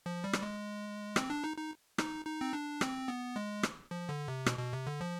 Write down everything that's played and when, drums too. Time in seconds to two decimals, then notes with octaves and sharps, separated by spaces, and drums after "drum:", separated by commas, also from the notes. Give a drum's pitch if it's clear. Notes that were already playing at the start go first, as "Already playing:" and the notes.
0.06 F3
0.24 G3
0.33 drum: rim click
0.43 G#3
1.16 C4, drum: rim click
1.30 D4
1.44 D#4
1.57 D#4
1.98 D#4, drum: rim click
2.25 D#4
2.41 C4
2.53 D4
2.81 C4, drum: rim click
3.08 B3
3.36 G#3
3.63 drum: rim click
3.91 F3
4.09 D3
4.28 C3
4.46 B2, drum: rim click
4.59 B2
4.73 C3
4.87 D3
5.01 F3